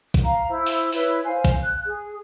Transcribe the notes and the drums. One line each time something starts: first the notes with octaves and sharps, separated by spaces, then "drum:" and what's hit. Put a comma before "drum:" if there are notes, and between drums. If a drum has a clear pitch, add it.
drum: kick, hi-hat
F5 A#5
E4 C5
drum: open hi-hat
E4 B4 C#5, drum: open hi-hat
C5 F5 G#5
drum: kick, hi-hat
F#6
G#4